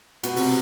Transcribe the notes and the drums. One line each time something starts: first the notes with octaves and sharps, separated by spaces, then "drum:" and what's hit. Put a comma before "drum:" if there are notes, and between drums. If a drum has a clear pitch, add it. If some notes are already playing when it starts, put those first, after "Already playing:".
B2 B3, drum: hi-hat
C3 C4, drum: open hi-hat